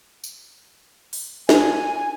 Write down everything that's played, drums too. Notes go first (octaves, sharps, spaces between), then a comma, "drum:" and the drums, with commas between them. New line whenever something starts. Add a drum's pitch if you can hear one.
drum: tambourine
drum: open hi-hat
G#5, drum: snare